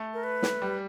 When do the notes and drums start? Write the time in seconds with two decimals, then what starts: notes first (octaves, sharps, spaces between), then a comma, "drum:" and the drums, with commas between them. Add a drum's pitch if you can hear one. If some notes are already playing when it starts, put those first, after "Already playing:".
Already playing: A3
0.14 A#4
0.24 B4
0.43 drum: snare
0.62 G3